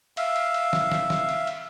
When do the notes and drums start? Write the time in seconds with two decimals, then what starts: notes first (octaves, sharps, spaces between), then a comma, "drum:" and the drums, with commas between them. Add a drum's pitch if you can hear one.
0.17 E5 F5, drum: cymbal
0.36 drum: cymbal
0.54 drum: cymbal
0.73 drum: snare
0.92 drum: snare
1.10 drum: snare
1.29 drum: cymbal
1.47 drum: cymbal